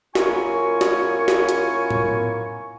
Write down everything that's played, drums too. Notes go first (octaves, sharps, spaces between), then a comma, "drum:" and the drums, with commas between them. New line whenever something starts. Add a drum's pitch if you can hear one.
F#2 A#3 E4 F4 G#5 C#6, drum: snare
drum: snare
drum: snare
drum: hi-hat
drum: tom A2